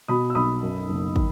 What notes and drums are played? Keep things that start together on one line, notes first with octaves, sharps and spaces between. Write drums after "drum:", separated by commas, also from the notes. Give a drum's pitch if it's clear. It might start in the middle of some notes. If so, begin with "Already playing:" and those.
B2 B5 D#6
E6
B1 B5 D#6
F#2
F#1
D#3, drum: kick